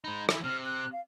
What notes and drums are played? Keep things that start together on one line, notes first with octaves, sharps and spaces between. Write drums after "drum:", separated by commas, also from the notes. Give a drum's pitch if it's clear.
G#3 D#4 B5
E3 F3 E4, drum: rim click
C3 F6
F#6
F5